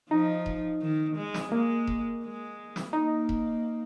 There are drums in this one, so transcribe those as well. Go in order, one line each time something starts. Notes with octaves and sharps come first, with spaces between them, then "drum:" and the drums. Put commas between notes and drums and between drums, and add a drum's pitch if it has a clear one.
F3 D#4
drum: kick E1
D#3
G#3
drum: snare
G#3 A#3
drum: kick E1
G#3
drum: snare
A#3 D#4
drum: kick E1